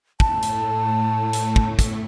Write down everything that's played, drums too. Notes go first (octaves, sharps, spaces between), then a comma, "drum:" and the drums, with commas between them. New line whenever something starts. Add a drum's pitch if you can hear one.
A2 A3 A5, drum: kick
drum: hi-hat
drum: hi-hat
drum: kick
drum: kick, hi-hat